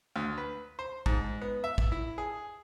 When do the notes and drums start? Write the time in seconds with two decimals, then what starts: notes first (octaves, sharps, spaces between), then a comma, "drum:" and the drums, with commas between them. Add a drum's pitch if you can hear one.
0.16 D2
0.38 B4
0.79 C5
1.06 G#2, drum: kick
1.42 B3
1.64 E5
1.78 drum: kick
1.92 E4
2.18 G#4